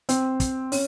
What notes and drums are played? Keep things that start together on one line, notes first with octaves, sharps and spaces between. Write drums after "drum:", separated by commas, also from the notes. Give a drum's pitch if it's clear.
C4, drum: hi-hat
drum: kick, hi-hat
C#4, drum: open hi-hat